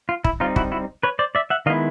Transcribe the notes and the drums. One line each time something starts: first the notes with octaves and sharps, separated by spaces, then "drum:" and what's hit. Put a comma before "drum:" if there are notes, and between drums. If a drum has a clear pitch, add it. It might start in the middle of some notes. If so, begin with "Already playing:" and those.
F4
E4, drum: kick
G3 C4 D#4 F4
E4 F#4, drum: kick
E4 F#4
B4 C#5
C5 D5
D5 E5
E5 F#5
D#3 G#3 B3 E4 D#5 F5